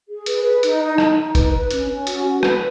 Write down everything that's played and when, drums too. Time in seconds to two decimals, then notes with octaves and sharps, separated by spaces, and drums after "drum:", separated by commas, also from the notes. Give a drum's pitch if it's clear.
0.09 G#4
0.26 B4, drum: hi-hat
0.44 B4
0.63 D#4, drum: hi-hat
0.80 D#4
0.98 D#4, drum: rim click
1.16 D#4
1.35 B4, drum: kick F#1, hi-hat
1.53 B4
1.71 C#4, drum: hi-hat
1.88 C#4
2.07 F#4, drum: hi-hat
2.24 F#4
2.43 B4, drum: rim click